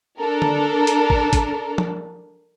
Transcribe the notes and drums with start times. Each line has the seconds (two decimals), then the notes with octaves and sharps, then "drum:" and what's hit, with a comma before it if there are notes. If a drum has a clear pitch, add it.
0.19 D4 A4 A#4
0.42 drum: tom D3
0.87 drum: hi-hat
1.10 drum: kick
1.33 drum: kick, hi-hat
1.78 drum: tom F3